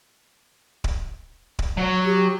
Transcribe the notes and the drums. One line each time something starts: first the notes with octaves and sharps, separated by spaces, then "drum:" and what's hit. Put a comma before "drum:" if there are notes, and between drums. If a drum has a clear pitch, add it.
drum: kick D1
drum: kick D1
F#3 C#5
G4